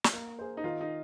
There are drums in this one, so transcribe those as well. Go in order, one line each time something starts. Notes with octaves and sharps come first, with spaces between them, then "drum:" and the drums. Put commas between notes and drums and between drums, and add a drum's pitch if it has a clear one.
drum: snare
A#3
G#4 C5
D#4
D#3 F4
D#4